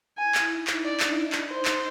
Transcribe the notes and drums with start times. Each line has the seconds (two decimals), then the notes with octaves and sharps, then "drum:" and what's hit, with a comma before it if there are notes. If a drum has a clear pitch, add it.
0.18 E4 G#5
0.35 drum: clap
0.51 D#4
0.67 drum: clap
0.83 D4 D5
1.00 drum: clap
1.16 D4
1.32 drum: clap
1.48 D#4 C5
1.65 drum: clap